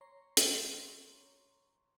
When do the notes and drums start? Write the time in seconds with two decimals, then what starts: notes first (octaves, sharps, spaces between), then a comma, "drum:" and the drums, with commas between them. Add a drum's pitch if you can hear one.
0.01 C#5 A#5 C6 C#6
0.37 drum: hi-hat